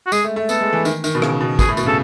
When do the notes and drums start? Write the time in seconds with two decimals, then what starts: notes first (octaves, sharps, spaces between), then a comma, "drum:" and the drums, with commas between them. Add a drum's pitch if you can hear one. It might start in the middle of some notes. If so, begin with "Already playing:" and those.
0.07 F#4
0.12 G#3 G#4, drum: tambourine
0.24 A3
0.36 A3
0.49 B3 A4, drum: tambourine
0.61 G#3
0.73 E3
0.85 D#3, drum: tambourine
1.04 D#3, drum: tambourine
1.15 B2
1.22 C#3, drum: rim click
1.41 B2
1.59 B2 G#4, drum: kick, tambourine
1.68 A2
1.77 B2, drum: tambourine
1.86 C#3 A4